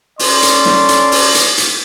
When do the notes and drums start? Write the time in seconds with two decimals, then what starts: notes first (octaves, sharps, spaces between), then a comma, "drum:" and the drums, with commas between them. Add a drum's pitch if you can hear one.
0.19 C#4 A4 D5 C6, drum: open hi-hat
0.42 drum: hi-hat
0.65 drum: snare
0.89 drum: hi-hat
1.12 drum: open hi-hat
1.35 drum: hi-hat
1.58 drum: hi-hat